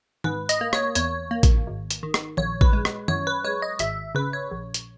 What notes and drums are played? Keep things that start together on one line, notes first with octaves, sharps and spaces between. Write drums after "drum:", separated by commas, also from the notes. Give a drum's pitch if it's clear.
G#2 B4, drum: tom D#3
D#5, drum: hi-hat
A#3
C#5, drum: rim click
E2 C#5, drum: hi-hat
A#3
drum: kick A1, hi-hat
G#1
drum: hi-hat
D#3
drum: rim click
A#1 C#5, drum: tom D#3
B4, drum: kick A1
G#3
drum: rim click
F#2 C#5, drum: tom D#3
B4
G#3 C#5
D#5
G#1 E5, drum: hi-hat
C#3 B4
C#5
A#1
drum: hi-hat